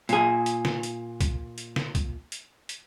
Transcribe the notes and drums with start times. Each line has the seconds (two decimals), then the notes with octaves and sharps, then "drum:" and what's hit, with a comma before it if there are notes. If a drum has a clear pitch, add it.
0.09 A#2 G#4, drum: hi-hat
0.46 drum: hi-hat
0.65 drum: snare
0.83 drum: hi-hat
1.21 drum: kick, hi-hat
1.58 drum: hi-hat
1.76 drum: snare
1.95 drum: kick, hi-hat
2.32 drum: hi-hat
2.69 drum: hi-hat